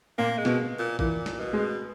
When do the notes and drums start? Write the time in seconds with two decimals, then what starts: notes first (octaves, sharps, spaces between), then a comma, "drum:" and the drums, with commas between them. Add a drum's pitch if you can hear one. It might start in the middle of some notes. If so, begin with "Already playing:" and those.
0.18 A#2 A#3
0.38 G#3
0.45 B2, drum: snare
0.79 A#2
0.99 A#2 E3, drum: kick A#1
1.26 drum: snare
1.40 B2
1.53 G#3